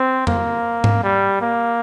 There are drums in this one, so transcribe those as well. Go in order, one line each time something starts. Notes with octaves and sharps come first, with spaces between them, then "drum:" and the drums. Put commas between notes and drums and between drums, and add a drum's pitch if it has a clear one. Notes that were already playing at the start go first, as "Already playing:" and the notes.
Already playing: C4
A#3, drum: tom F2
drum: tom G#2
G3
A#3